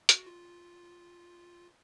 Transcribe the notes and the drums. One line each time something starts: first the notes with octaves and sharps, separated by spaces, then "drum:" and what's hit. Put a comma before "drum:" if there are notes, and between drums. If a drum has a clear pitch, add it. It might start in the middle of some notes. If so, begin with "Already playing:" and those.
F#4, drum: hi-hat
F4